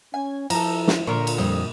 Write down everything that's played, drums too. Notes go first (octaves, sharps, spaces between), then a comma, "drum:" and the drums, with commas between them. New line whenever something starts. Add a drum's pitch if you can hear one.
C#4 G#5
F3 E4 A4 A#5, drum: cymbal
drum: snare
A#2 D3 A#4 C#5
drum: cymbal
F2 G3 D#6